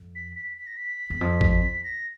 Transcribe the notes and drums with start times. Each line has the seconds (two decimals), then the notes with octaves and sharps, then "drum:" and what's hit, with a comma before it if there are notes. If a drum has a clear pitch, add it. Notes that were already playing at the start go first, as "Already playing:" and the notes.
Already playing: F2
0.15 B6
0.35 B6
0.57 B6
0.67 A#6
0.77 B6
1.10 E2
1.21 F2
1.41 drum: kick
1.84 A#6